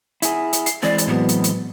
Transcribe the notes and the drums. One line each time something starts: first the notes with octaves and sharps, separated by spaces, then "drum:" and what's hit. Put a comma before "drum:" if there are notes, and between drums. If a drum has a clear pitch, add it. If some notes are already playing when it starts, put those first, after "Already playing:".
E4 G#4, drum: hi-hat
drum: hi-hat
C7, drum: hi-hat
E3 G#3 C4 D5
drum: hi-hat
A2 F#3 B3 B4
drum: hi-hat
drum: hi-hat